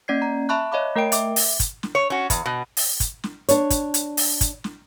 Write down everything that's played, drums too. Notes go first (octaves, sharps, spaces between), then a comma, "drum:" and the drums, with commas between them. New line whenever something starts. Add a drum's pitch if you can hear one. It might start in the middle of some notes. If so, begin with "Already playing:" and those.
A#3 C#4 D5 G#6 C7
A#5
E5 A5 B5 C#6 F#6
C#5 D#5 F5 B5 D6
A3 A#4 D#5 G5 D7
E5 D6, drum: hi-hat
drum: open hi-hat
drum: kick, hi-hat
drum: snare
C#5
C#4 F#4
E2, drum: kick, hi-hat
B2
drum: open hi-hat
drum: kick, hi-hat
drum: snare
D4 C#5, drum: hi-hat
drum: kick, hi-hat
drum: hi-hat
drum: open hi-hat
drum: kick, hi-hat
drum: snare